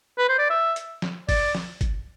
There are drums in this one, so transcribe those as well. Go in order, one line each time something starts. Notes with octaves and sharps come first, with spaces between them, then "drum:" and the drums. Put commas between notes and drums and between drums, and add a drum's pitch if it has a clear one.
B4
C5
D5
E5
drum: hi-hat
drum: snare
D5, drum: kick G1, open hi-hat
drum: snare
drum: kick G1, hi-hat